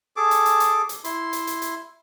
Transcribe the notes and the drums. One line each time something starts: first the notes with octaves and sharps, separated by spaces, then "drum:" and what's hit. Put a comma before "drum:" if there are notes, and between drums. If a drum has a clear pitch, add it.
G#4 A4 D6
drum: hi-hat
drum: hi-hat
drum: hi-hat
drum: hi-hat
E4 C6, drum: hi-hat
drum: hi-hat
drum: hi-hat
drum: hi-hat